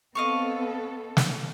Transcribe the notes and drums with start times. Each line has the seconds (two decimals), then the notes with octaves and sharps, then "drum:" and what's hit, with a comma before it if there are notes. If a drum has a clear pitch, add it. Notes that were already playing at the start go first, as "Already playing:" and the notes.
0.15 B3 C4 A4 D#5 F5 C#6
1.17 drum: snare